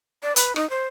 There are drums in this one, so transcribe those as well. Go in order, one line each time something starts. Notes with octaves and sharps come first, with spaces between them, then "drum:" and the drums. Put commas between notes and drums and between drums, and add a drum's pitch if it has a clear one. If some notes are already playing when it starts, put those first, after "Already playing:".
D5
B4, drum: hi-hat
D#4, drum: rim click
C5